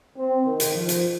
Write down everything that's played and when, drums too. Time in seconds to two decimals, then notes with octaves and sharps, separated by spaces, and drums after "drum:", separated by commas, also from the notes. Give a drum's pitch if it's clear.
0.17 C4
0.46 D#3
0.60 drum: hi-hat
0.74 F3
0.89 drum: hi-hat